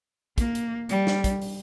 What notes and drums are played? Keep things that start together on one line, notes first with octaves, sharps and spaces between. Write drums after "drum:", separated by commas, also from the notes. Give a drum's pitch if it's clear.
A#3, drum: kick, hi-hat
drum: hi-hat
G3, drum: hi-hat
drum: snare
drum: kick, hi-hat
drum: open hi-hat